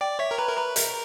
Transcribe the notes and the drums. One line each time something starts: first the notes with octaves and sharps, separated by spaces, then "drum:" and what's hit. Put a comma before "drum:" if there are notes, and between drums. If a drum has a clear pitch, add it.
D5 G5
C#5 E5
A#4
B4 A#5
A#4
B4 A#5
A#4 E5, drum: hi-hat